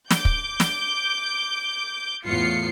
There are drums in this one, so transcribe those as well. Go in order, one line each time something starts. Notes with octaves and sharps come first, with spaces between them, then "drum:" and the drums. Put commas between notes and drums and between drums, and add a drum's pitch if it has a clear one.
D6 G6, drum: snare
drum: kick
drum: snare
E2 A2 B3 F4 C7 C#7